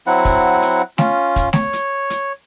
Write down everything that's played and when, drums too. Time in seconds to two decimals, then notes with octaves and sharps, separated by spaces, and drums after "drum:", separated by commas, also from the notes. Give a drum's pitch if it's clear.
0.07 F#3 C4 E4 F#5
0.25 drum: kick, hi-hat
0.62 drum: hi-hat
0.98 C#4 F4, drum: snare A3
1.36 drum: kick, hi-hat
1.53 C#5, drum: snare A3
1.73 drum: hi-hat
2.10 drum: hi-hat